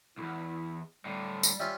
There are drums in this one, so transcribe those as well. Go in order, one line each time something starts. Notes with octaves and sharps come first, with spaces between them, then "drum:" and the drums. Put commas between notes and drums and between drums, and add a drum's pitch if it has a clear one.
B1 E2 E4
A2 D3 G3
drum: tambourine
G3 C#4 F4 E5